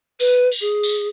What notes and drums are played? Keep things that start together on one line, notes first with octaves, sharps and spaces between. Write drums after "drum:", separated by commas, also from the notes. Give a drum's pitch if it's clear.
B4, drum: tambourine
drum: tambourine
G#4
drum: tambourine